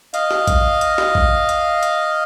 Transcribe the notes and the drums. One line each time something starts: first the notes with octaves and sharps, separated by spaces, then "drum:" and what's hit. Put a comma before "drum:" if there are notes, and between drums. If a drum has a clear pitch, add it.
D#5 F5, drum: hi-hat
drum: snare
drum: kick A#1, hi-hat
drum: hi-hat
drum: snare
drum: kick A#1
drum: hi-hat
drum: hi-hat